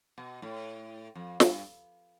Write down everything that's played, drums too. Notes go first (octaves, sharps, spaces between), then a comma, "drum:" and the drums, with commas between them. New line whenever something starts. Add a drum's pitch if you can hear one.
B2
A2
F2
G2, drum: snare